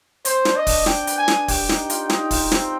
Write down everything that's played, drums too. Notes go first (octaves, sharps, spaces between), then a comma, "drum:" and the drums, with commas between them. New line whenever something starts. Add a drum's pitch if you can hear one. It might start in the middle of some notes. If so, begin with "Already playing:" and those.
C4 C5, drum: hi-hat
D4, drum: snare
D#5
D4, drum: kick, open hi-hat
D4 G5, drum: snare
B4, drum: hi-hat
B4 G#5
G#4, drum: snare
G4 G5, drum: kick, open hi-hat
D#4, drum: snare
F4, drum: hi-hat
D#4 G5, drum: snare
F4, drum: kick, open hi-hat
C4, drum: snare